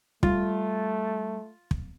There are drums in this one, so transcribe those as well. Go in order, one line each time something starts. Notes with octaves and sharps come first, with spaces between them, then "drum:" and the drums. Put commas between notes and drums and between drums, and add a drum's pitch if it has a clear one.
G3 A3 F4, drum: kick
drum: kick